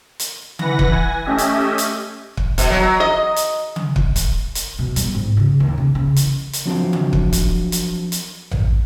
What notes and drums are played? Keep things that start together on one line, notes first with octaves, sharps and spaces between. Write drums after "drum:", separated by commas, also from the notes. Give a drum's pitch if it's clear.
drum: hi-hat
E3 B4 F#5 A#6, drum: tom C#3
drum: kick
G#5
A3 C#4 G4 D#5 E5
drum: hi-hat
drum: hi-hat
drum: kick
B2, drum: kick, hi-hat
F#3
D#5
drum: hi-hat
drum: tom C#3
drum: kick
drum: kick, hi-hat
drum: hi-hat
B2
G3, drum: hi-hat
G#2
C#3
D#2
C#3
C#3
E3, drum: hi-hat
drum: hi-hat
F3 F#3 C4 D4 A#4 F5
drum: tom C#3
drum: kick
drum: kick, hi-hat
drum: hi-hat
drum: hi-hat
drum: tom A1